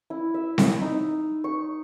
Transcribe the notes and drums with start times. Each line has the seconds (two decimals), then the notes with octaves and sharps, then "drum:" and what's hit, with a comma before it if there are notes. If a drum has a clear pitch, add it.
0.10 E4
0.34 E5
0.58 drum: snare C4
0.81 D#4
1.44 C#6